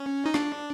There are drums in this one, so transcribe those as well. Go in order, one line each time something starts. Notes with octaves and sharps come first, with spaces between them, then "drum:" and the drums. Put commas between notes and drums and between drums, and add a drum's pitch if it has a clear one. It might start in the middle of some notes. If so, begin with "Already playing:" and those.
Already playing: C#4
D#4
D4, drum: rim click